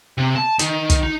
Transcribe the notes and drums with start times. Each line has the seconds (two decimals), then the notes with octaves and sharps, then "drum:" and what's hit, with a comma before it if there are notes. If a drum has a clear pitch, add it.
0.18 C3
0.36 A5
0.59 D#3, drum: hi-hat
0.90 drum: kick, hi-hat
1.03 D#4